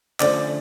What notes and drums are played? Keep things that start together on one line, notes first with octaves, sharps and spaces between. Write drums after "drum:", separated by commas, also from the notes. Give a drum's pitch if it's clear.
D3 F3 A3 C#4 C5 D5, drum: clap